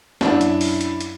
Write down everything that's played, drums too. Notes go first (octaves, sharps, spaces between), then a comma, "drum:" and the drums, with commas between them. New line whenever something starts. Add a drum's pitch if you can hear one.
F#2 D4 E4, drum: snare
drum: hi-hat
drum: open hi-hat
drum: hi-hat
drum: hi-hat